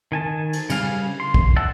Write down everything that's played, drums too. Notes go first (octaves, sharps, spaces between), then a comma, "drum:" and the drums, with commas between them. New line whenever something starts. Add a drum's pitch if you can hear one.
D#3 G#5 A5
drum: cymbal
C#3 G3 F5 G#5, drum: cymbal
C6
drum: kick A#1
D5 E5 F#5 A5